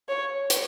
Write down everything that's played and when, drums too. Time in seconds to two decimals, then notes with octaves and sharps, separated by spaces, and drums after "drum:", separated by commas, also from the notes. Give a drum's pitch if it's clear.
0.09 C#5
0.50 drum: hi-hat